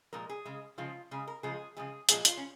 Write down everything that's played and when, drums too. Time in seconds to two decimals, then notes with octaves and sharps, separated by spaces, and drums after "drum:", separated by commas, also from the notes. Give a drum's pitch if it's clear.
0.13 A#2 F3 G#3 A#4
0.29 G#4
0.45 C#3 G#3
0.78 C#3 F3 G#3 F4
1.11 C#3 G#3 G#4
1.27 A#4
1.43 C#3 F3 G#3 G#4
1.77 C#3 F3 G#3 G#4
2.09 A#2 F3 G#3 G#4, drum: hi-hat
2.25 F4, drum: hi-hat
2.37 C#4